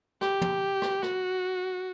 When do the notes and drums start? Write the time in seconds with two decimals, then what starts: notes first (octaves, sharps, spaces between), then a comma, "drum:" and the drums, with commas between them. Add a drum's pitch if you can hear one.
0.21 G4, drum: rim click
0.41 drum: tom
0.82 drum: rim click
1.03 F#4, drum: rim click